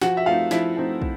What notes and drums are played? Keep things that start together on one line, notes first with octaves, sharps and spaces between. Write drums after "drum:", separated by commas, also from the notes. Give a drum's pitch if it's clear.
F3 F#4 F#5, drum: snare
E5
A3 C4 D#4 F4 F5
F3 E4 E5, drum: snare
A3 C4 D#4
drum: kick